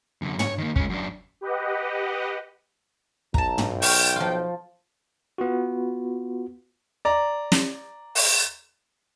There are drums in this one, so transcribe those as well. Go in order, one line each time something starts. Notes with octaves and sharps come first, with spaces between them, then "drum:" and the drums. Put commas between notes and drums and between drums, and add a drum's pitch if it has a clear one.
F#2 D3
C#5, drum: tom
D#3 A#3
G#3 C#4, drum: kick
F#2 D4
G4 B4 D#5 F#5
B1 A5 A#5, drum: kick
drum: tom
G5 C#6 F6, drum: open hi-hat
F3 F4
B3 F4 F#4
D5 A#5
drum: snare
drum: open hi-hat